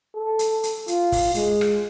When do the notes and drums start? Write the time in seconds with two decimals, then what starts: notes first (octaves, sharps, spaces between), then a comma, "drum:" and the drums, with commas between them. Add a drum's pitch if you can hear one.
0.15 A4
0.39 drum: hi-hat
0.63 drum: hi-hat
0.88 F4, drum: hi-hat
1.12 drum: kick, open hi-hat
1.35 G#3, drum: hi-hat
1.61 drum: rim click